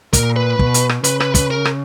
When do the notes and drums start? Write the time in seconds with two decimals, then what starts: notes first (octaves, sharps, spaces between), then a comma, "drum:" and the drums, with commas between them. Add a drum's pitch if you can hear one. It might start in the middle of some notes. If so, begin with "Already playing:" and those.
0.13 A#2 A#4, drum: kick, hi-hat
0.36 B4
0.59 B2, drum: kick
0.74 drum: hi-hat
0.89 drum: rim click
1.04 C#3 B4, drum: hi-hat
1.20 B4, drum: rim click
1.35 B4, drum: kick, hi-hat
1.51 A#4
1.65 drum: rim click